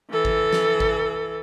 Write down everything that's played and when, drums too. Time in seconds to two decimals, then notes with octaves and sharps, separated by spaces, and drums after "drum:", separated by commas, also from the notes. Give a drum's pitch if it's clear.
0.11 E3 A4
0.25 drum: kick G#1
0.53 drum: snare
0.80 drum: kick G#1